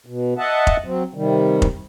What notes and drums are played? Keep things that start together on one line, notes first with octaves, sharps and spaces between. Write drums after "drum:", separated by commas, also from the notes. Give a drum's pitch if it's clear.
B2
D#5 E5 F#5 A5
drum: kick F1
F#3 C4
C3 D#3 G3
drum: kick F1